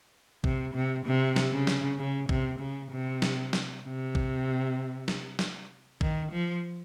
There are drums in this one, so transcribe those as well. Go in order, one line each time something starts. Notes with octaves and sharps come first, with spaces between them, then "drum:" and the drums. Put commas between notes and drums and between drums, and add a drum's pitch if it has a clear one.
C3, drum: kick
C3
C3
drum: snare
C#3
drum: snare
C#3
C3, drum: kick
C#3
C3
drum: snare
drum: snare
C3
drum: kick
drum: snare
drum: snare
D#3, drum: kick
F3